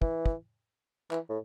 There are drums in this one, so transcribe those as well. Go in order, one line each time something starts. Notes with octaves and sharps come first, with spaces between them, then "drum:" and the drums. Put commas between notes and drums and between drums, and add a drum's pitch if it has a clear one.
E3, drum: kick
drum: kick
E3, drum: clap
A2